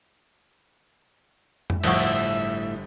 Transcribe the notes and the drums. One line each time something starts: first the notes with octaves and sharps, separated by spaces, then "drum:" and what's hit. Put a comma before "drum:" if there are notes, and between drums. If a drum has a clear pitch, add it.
drum: tom F2
G1 A2 F3 F#4 E5 D#6 E6, drum: cymbal